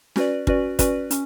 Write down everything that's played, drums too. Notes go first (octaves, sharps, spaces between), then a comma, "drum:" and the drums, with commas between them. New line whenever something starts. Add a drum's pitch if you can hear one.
C#4 F#4 B4 D5, drum: snare
C#4 F#4 B4 D5, drum: kick
C#4 F#4 B4 D5, drum: kick, hi-hat
C#4, drum: hi-hat